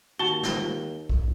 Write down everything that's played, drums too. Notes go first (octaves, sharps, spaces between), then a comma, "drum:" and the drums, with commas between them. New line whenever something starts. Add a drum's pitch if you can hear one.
D#2 F#4 A5 G7
drum: snare
drum: kick B1